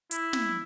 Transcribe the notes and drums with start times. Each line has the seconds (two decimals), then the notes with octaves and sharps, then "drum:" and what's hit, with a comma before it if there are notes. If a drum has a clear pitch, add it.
0.11 E4, drum: hi-hat
0.33 drum: snare